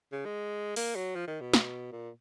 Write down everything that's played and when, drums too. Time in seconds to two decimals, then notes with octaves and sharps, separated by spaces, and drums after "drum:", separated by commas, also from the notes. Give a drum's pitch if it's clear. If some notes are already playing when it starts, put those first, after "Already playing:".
0.12 C#3
0.25 G#3
0.76 A#3, drum: open hi-hat
0.96 F#3
1.15 F3
1.28 D#3
1.41 B2
1.54 drum: snare
1.92 A#2